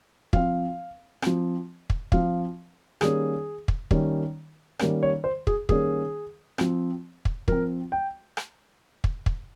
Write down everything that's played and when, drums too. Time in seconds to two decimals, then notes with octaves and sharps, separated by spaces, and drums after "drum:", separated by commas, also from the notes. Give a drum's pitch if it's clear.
0.33 F3 C4 F5, drum: kick
1.22 F3 C4, drum: rim click
1.90 drum: kick
2.12 F3 C4 F5, drum: kick
3.01 D#3 G3 A#3 C#4 G#4, drum: rim click
3.68 drum: kick
3.91 D#3 G3 A#3 C#4, drum: kick
4.79 D#3 G3 A#3 C#4, drum: rim click
5.03 C#5
5.24 C5
5.47 G#4, drum: kick
5.69 D#3 G3 A#3 C#4 G#4, drum: kick
6.58 F3 C4, drum: rim click
7.25 drum: kick
7.48 F3 C4 A#4, drum: kick
7.92 G5
8.37 drum: rim click
9.04 drum: kick
9.26 drum: kick